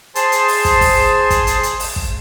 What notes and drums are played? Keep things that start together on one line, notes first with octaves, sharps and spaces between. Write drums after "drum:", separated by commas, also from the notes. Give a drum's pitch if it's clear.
G#4 C5 A5 C6, drum: hi-hat
drum: hi-hat
drum: open hi-hat
drum: kick, hi-hat
drum: kick, open hi-hat
drum: kick, hi-hat
drum: hi-hat
drum: hi-hat
drum: open hi-hat
drum: kick